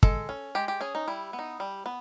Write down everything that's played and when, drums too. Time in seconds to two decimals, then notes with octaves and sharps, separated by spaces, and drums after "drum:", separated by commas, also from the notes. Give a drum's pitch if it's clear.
0.03 G#3 A4, drum: kick
0.29 C#4
0.55 G#3 G4
0.68 G4
0.81 C#4 G#4
0.95 D#4
1.08 G3 E4
1.33 B3
1.39 D#4
1.60 G3
1.86 B3